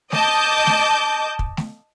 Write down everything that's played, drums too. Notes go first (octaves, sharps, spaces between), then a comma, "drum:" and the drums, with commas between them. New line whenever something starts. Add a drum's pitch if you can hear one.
D#5 A5 D6 G6, drum: snare A3
drum: snare A3
drum: kick
drum: snare A3